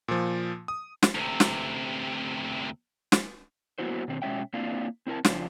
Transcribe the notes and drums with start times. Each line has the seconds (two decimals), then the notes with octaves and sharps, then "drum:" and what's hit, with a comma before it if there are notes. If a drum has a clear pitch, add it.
0.08 A#2 F3
0.68 D#6
1.03 drum: snare
1.15 D2 C3
1.40 drum: snare
3.12 drum: snare
3.78 F#3 A#3 B3 E4 F#4 C5
4.08 B2 D#3 C4
4.22 B2 G#3 C4 C#4 E5 G5
4.53 A#3 C4 D4 E4 F4 F5
5.07 C4 E4 A#4 A5
5.25 F2 C#3 F3 D4 F4, drum: snare